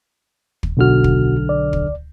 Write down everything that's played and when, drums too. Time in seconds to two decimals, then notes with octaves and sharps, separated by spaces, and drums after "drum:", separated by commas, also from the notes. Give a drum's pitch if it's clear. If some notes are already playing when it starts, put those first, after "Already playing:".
0.63 drum: kick
0.77 B1 B2 D3 F#4 F6
1.04 drum: kick
1.49 D5
1.73 drum: kick